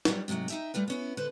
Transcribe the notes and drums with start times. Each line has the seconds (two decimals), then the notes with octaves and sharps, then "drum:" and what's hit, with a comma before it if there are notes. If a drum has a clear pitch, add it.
0.05 F#3 G3, drum: snare
0.28 G#2 C3 F3 F#3 A3
0.48 D#4 E5 G5, drum: tambourine
0.74 G3 A3 F4 B4
0.88 B3 C#4 E4
1.17 D3 B4 C5